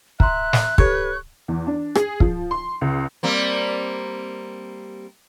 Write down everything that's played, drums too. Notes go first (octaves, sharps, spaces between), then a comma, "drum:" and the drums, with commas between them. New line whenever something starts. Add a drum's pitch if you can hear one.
E5 A#5 C6 F#6, drum: kick
drum: snare
G4 A4 B4 C#5, drum: kick
E2
D4
G#4, drum: rim click
F3, drum: kick
C6
C#2
G3 A#3 C4